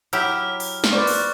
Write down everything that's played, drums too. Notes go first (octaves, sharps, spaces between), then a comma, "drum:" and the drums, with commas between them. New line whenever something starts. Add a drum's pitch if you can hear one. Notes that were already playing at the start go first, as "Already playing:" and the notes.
F#3 E4 G4 F6, drum: hi-hat
drum: open hi-hat
drum: snare
B4 C5 D5 C#6
drum: open hi-hat